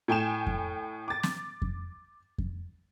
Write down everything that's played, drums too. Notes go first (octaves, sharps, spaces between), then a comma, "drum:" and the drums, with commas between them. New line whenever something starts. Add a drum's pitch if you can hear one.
A2 G5 G#5 E7
drum: kick F2
D6 A6
drum: snare
drum: kick F2
drum: kick F2